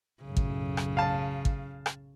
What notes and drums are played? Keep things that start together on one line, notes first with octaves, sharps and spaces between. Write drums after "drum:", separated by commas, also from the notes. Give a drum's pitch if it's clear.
B1 F#2 A2 C#3
drum: kick
drum: rim click
F5 A5
drum: kick
drum: rim click